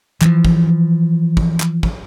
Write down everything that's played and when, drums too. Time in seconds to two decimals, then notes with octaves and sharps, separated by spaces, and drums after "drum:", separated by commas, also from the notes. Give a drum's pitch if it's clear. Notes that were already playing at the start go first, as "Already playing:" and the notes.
0.21 E3 F3, drum: clap
0.45 drum: kick
1.37 drum: kick
1.60 drum: clap
1.83 drum: kick